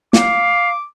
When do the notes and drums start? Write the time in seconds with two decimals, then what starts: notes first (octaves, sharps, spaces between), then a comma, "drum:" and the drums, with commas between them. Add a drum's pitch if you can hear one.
0.13 F5 D6, drum: snare